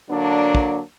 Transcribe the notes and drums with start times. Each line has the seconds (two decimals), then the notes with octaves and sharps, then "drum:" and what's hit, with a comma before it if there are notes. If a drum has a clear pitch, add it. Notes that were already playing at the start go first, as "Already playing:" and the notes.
0.10 D3 F#3 A#3 D4
0.55 drum: kick